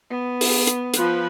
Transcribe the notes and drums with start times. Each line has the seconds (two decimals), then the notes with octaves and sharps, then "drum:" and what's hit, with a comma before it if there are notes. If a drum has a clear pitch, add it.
0.10 B3
0.41 drum: open hi-hat
0.67 drum: hi-hat
0.94 F3 B4, drum: hi-hat